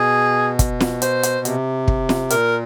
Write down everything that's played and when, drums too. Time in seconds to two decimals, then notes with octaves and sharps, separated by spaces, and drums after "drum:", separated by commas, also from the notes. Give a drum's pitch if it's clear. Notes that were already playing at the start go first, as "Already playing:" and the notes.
Already playing: B2 G#4
0.59 drum: kick, hi-hat
0.80 drum: snare
1.02 C5, drum: hi-hat
1.23 drum: hi-hat
1.45 C3, drum: hi-hat
1.88 drum: kick
2.09 drum: snare
2.30 A#2 A#4, drum: hi-hat